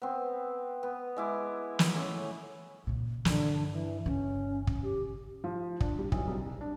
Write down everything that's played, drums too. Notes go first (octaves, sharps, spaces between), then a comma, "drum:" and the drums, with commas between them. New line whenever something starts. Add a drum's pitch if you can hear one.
B3 C4
B3
G#3 E4 D6
drum: snare
A2 C#4
A#2 C#3
G2 D3, drum: snare
E3
G1 C#3 C#4
drum: kick
G4
F3
D4, drum: kick
G3
B1, drum: kick
C2
D4